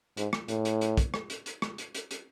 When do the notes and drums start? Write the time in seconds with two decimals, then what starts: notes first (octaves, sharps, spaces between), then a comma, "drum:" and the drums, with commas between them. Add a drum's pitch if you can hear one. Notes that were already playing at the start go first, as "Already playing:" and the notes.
0.17 G#2, drum: hi-hat
0.33 drum: rim click
0.48 A2, drum: hi-hat
0.65 drum: hi-hat
0.81 drum: hi-hat
0.97 drum: kick, hi-hat
1.14 drum: rim click
1.30 drum: hi-hat
1.46 drum: hi-hat
1.62 drum: rim click
1.78 drum: hi-hat
1.95 drum: hi-hat
2.11 drum: hi-hat